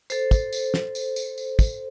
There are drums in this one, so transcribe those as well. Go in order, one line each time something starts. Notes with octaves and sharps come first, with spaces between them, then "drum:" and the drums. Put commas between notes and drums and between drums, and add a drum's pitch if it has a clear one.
A4 C5, drum: tambourine
drum: kick, tambourine
drum: tambourine
drum: snare
drum: tambourine
drum: tambourine
drum: tambourine
drum: kick, tambourine